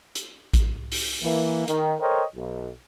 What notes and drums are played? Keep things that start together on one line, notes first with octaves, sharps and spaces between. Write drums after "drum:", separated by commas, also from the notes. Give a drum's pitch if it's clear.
drum: hi-hat
drum: kick A1, hi-hat
drum: open hi-hat
E3 A#3
D#3, drum: hi-hat
A4 A#4 C5 C#5 D#5 G5
B1